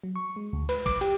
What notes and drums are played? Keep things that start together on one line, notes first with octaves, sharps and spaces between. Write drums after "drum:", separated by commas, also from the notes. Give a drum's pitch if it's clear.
F#3
C#6
G#3
D2
B4, drum: cymbal
D6, drum: kick A#1, cymbal
G4, drum: cymbal